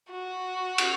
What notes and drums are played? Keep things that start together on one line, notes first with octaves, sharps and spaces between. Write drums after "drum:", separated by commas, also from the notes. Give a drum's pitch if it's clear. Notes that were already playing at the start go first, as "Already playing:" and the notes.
F#4
drum: cymbal